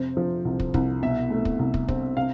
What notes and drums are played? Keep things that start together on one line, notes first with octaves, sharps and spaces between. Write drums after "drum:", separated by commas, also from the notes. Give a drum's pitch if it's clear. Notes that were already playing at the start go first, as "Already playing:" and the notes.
Already playing: F2 C3 C5
F3
C2
drum: kick
C2, drum: kick
B2 E5
A3
drum: kick
C2
drum: kick
C4, drum: kick
C3 F5